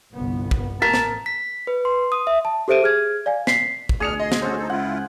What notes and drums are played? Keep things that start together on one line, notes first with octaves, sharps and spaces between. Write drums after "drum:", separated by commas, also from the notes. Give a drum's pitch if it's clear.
G1 C2 B3
drum: kick
A1 A#4 A5 B6
drum: snare
B6
B4
C6
D#6
E5
A5
G4 A4 C5 E5 D7 D#7
G#4 F6 G#6
D5 F5 G#5
B6 C7, drum: snare
drum: kick
D2 B2 D4 G#4 D#6 F6 C#7 F7
D#5 C6
drum: snare
C#4 F#4 A4 C5
D#4 A4
C#2 E4 F4 F#5